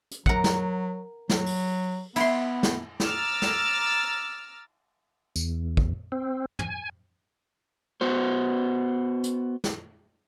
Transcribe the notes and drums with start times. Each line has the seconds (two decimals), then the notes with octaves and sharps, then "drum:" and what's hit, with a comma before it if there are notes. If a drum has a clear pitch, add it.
0.11 drum: hi-hat
0.26 F#3 A#4 F#5, drum: kick
0.44 drum: snare
1.29 F#3, drum: snare
1.46 drum: open hi-hat
2.16 B3 E4 C6, drum: cymbal
2.63 drum: snare
3.00 A#5 D6 E6 F6 A6, drum: snare
3.42 drum: snare
5.36 E2, drum: tambourine
5.77 drum: kick
6.12 C4
6.59 G#5, drum: tom
8.01 B3 F#4 C5
9.23 drum: hi-hat
9.64 drum: snare